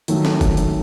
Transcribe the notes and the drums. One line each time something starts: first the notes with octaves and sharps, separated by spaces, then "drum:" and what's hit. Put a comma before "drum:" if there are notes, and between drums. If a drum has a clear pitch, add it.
D#3 F#3 A3, drum: hi-hat
drum: snare
drum: kick F1, hi-hat
drum: hi-hat